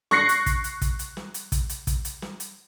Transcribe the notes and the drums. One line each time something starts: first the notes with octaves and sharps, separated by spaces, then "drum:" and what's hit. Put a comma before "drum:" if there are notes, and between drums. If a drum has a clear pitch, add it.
C#6 F#6 A#6 C7 C#7, drum: snare
drum: hi-hat
drum: kick, hi-hat
drum: hi-hat
drum: kick, hi-hat
drum: hi-hat
drum: snare
drum: hi-hat
drum: kick, hi-hat
drum: hi-hat
drum: kick, hi-hat
drum: hi-hat
drum: snare
drum: hi-hat